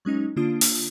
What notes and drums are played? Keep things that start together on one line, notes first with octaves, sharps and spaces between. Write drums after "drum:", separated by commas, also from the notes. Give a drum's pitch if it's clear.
F#3 G#3 C#4 D#4
D3 A#3 D4 F4 D#6 D7
drum: open hi-hat